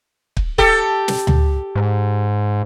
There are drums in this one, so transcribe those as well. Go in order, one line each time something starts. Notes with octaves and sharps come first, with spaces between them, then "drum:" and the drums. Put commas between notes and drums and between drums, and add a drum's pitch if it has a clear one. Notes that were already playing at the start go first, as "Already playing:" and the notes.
drum: kick
G4 A4, drum: kick
drum: snare
drum: tom D2
G#2